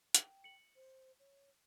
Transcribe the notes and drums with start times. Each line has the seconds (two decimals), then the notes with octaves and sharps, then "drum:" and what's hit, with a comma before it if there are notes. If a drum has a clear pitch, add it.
0.15 G5, drum: hi-hat
0.44 C#7 F#7
0.75 C5
1.19 C#5